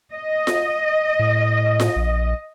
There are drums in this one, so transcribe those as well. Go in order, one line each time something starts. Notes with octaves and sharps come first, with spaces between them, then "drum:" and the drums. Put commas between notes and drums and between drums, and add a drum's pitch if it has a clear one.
D#5
drum: snare F4
A2
drum: snare F4
A#1